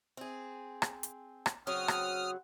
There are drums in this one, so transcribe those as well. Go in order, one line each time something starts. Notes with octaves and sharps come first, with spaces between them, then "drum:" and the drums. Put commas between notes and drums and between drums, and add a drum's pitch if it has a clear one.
C4 G#4
drum: rim click
drum: hi-hat
drum: rim click
C#3 F#3 C4 F#5 D#6 F6
drum: rim click